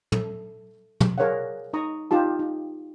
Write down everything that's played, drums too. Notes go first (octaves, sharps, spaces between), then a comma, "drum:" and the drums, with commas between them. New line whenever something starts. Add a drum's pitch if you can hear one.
A4, drum: tom
drum: tom
G#4 A#4 C#5 D5 F5 F#5
D#4 A#5 C#6 D#6
D#4 F4 G4 A5
D#4